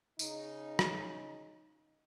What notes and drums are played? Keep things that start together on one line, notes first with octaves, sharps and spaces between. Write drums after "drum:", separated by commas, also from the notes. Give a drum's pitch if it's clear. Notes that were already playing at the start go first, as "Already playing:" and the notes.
C#3 D#4, drum: tambourine
drum: rim click